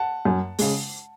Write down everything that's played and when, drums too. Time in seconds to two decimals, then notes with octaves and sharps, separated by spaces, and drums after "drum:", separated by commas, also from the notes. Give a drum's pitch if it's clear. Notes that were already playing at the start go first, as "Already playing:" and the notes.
Already playing: F#5 A5
0.25 F#2
0.59 C#3 G#3, drum: open hi-hat